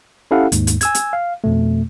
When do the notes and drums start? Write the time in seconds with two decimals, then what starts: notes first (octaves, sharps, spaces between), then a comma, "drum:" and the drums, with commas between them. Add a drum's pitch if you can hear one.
0.31 C#4 E4 G4 A4 F5 F#5
0.52 D#2 G#2, drum: hi-hat
0.67 drum: hi-hat
0.81 G#5 E6 G#6, drum: hi-hat
0.95 drum: hi-hat
1.13 F5
1.44 F2 B2 A3